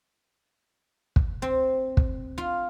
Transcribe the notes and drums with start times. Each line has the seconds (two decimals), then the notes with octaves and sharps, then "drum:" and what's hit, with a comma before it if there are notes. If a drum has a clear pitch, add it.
1.16 drum: kick
1.42 C4
1.97 drum: kick
2.38 F4